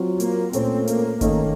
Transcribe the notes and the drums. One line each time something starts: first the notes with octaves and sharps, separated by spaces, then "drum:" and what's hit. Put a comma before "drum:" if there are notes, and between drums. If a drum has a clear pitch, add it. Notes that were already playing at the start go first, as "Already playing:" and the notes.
Already playing: F#3 C4 F4
A#3, drum: hi-hat
A#2 A3 C4 C#4 A4 C5, drum: hi-hat
A#3, drum: hi-hat
D#3 A3 A#3 C#4 A4 D#5, drum: kick G1, hi-hat